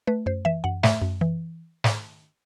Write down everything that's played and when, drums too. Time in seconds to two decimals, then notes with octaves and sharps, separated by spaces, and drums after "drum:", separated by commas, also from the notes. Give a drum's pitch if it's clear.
0.07 A3 B4
0.26 F#2 C5
0.45 E3 E5
0.64 F#2 F#5
0.83 A3 E5, drum: snare
1.02 F#2
1.21 E3
1.84 drum: snare